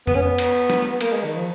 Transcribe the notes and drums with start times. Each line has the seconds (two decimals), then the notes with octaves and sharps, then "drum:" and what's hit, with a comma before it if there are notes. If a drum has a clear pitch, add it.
0.07 B3, drum: tom F2
0.15 C#4
0.22 B3
0.38 drum: cymbal
0.70 drum: snare
1.01 A#3, drum: cymbal
1.13 G#3
1.24 D#3
1.36 F3